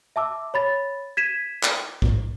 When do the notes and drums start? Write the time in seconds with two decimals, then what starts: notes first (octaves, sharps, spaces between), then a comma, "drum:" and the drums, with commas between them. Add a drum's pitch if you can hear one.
0.16 E5 A5 D6 E6
0.54 C#5 B5 A6
1.17 G#6 B6 D#7 E7
1.63 drum: clap
2.02 drum: kick